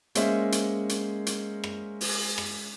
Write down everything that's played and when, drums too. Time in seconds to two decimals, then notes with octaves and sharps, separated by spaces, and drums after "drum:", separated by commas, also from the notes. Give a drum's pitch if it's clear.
0.15 G#3 A#3 C#4 C5 E5, drum: hi-hat
0.52 drum: hi-hat
0.89 drum: hi-hat
1.26 drum: hi-hat
1.64 drum: rim click
2.01 drum: open hi-hat
2.38 drum: rim click